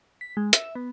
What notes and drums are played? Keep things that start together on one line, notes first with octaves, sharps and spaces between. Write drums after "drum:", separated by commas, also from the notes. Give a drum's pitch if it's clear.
B6
G#3
E5, drum: hi-hat
B3